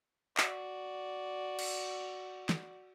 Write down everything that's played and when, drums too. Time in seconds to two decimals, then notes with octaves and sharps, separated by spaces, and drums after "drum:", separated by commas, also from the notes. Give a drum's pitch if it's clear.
0.37 F#4 D5, drum: clap
1.59 drum: cymbal
2.49 drum: snare